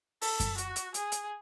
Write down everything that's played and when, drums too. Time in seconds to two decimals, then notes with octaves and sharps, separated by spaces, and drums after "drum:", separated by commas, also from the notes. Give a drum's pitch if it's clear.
0.22 A4, drum: open hi-hat
0.40 drum: kick F#2, hi-hat
0.58 F#4, drum: hi-hat
0.76 drum: hi-hat
0.94 G#4, drum: hi-hat
1.12 drum: hi-hat